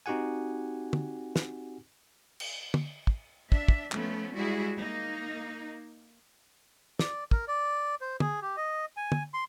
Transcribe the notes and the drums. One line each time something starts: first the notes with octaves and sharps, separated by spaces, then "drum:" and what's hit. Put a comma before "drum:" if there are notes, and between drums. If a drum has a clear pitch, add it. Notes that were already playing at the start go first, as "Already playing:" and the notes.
C4 D#4 F#4 G4 F#5 G#5
drum: tom
drum: snare
drum: cymbal
drum: tom
drum: kick
D4 E5, drum: kick
drum: kick
F3 A3 B3 C#4, drum: clap
G3 G#3 E4 F#4 G#4
A#3 D#4
D5, drum: snare
A#4, drum: kick
D5
C5
G#4, drum: tom
G4
D#5
G#5
drum: tom
C6